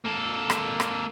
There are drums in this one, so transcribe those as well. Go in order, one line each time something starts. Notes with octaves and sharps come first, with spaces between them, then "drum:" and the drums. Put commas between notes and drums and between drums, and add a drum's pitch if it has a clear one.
A#3 A4
drum: rim click
drum: rim click